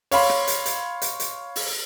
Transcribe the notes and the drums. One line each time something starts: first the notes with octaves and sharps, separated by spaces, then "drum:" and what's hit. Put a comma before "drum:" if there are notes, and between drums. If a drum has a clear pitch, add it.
C#5 F5 B5 C6, drum: open hi-hat
drum: rim click
drum: hi-hat
drum: hi-hat
drum: hi-hat
drum: hi-hat
drum: open hi-hat